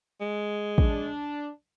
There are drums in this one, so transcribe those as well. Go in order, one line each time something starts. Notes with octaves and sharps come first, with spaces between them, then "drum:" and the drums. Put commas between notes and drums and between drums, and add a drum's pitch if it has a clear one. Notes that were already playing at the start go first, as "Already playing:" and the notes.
G#3
D4, drum: kick